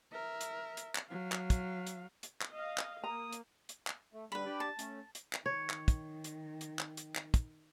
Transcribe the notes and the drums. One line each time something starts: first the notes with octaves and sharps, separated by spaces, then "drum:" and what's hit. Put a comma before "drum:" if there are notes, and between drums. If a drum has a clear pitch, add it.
A#4 E5
drum: hi-hat
drum: hi-hat
drum: clap
F#3 F5
drum: clap
drum: kick, hi-hat
drum: hi-hat
drum: hi-hat
drum: clap
D#5 F5
drum: clap
A#3 A#5 D#6
drum: hi-hat
drum: hi-hat
drum: clap
A3
D3 G3 B4 B5
D4 G4 D5
A5
A3 C#4, drum: hi-hat
drum: hi-hat
drum: clap
D#3 C#5
drum: clap
drum: kick, hi-hat
drum: hi-hat
drum: hi-hat
drum: clap
drum: hi-hat
drum: clap
drum: kick, hi-hat